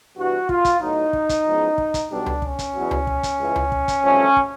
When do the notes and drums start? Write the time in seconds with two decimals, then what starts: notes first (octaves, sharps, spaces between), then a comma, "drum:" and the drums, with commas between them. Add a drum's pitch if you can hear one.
0.16 G2 E3 G3 B3 F#4
0.49 F4, drum: kick
0.65 drum: kick, hi-hat
0.80 A2 F#3 B3 D#4
1.13 drum: kick
1.29 drum: kick, hi-hat
1.46 E2 C#3 F3 G#3 B3
1.78 drum: kick
1.94 drum: kick, hi-hat
2.10 B1 B2 G3 B3 D4
2.26 drum: tom C#2
2.42 C#4, drum: kick
2.59 drum: kick, hi-hat
2.75 E2 B2 F#3
2.91 drum: tom C#2
3.07 drum: kick
3.23 drum: kick, hi-hat
3.40 C#2 C#3 E3
3.56 drum: tom C#2
3.72 drum: kick
3.88 drum: kick, hi-hat
4.04 G#1 G2 D3 F3 A3 C#4
4.36 drum: kick